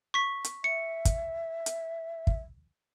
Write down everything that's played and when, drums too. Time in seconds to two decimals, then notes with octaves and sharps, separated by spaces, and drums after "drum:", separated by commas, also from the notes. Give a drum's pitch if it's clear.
0.14 C#6 B6
0.44 drum: hi-hat
0.64 E5 C#7
1.05 drum: kick, hi-hat
1.66 drum: hi-hat
2.27 drum: kick